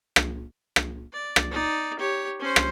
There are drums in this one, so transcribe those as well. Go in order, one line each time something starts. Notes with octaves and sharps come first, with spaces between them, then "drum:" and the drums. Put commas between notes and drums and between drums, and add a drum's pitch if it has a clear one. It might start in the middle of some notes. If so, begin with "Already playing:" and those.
drum: rim click
drum: rim click
D5
drum: rim click
D#4 D5
G4 C#5
C#4 C5
drum: rim click